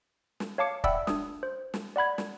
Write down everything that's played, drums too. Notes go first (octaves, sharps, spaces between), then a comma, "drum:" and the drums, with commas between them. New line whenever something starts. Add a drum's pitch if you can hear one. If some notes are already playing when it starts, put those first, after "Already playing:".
drum: snare
C#5 F5 A5 D6 C#7
D5 E5 F#5 G5 B5 E6, drum: kick
D4 D#6, drum: snare
C5
drum: snare
D5 F#5 B5 G#6
drum: snare